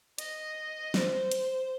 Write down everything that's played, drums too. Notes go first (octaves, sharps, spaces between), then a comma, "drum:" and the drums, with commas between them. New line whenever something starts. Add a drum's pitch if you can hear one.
D#5, drum: hi-hat
C5, drum: snare
drum: hi-hat